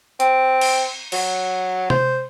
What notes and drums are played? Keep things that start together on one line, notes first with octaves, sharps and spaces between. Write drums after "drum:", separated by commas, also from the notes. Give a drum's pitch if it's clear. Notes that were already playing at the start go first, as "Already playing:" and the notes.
C4, drum: hi-hat
drum: cymbal
F#3, drum: cymbal
C5, drum: tom C3